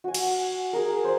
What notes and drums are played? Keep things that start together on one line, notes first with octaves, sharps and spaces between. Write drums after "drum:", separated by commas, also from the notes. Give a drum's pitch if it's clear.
F#4 G#5
drum: cymbal
G#4 A#4
C5 D5